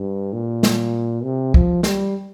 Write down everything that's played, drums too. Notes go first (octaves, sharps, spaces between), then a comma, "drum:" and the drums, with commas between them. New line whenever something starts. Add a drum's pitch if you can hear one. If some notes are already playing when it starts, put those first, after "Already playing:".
Already playing: G2
A#2
drum: snare
C3
F3, drum: kick
G3, drum: snare